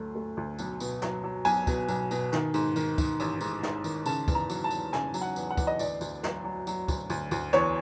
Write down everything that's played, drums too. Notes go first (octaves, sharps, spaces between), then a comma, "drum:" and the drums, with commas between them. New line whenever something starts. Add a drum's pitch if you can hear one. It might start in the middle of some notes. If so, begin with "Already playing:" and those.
Already playing: D2 F#3 A3
A3
D2
B1, drum: tambourine
B2, drum: tambourine
F#3, drum: snare
F#3
B1 G#5, drum: tambourine
B2, drum: kick, tambourine
B1, drum: tambourine
B2, drum: tambourine
D#3, drum: snare
G#2, drum: tambourine
D#3, drum: tambourine
D#3, drum: kick, tambourine
A1, drum: tambourine
G#2, drum: tambourine
G#2, drum: snare
D#3, drum: tambourine
C#3 A5, drum: tambourine
E2, drum: kick, tambourine
A#5
F#3, drum: tambourine
A5
E2, drum: tambourine
C#3 G#5, drum: snare
F#3, drum: tambourine
F#5
E2, drum: tambourine
F#5
E2, drum: kick, tambourine
D#5
D2 D5, drum: tambourine
D2, drum: tambourine
F#3, drum: snare
F#3
F#3, drum: tambourine
D2, drum: kick, tambourine
D2, drum: tambourine
D2, drum: tambourine
E2 C#5, drum: snare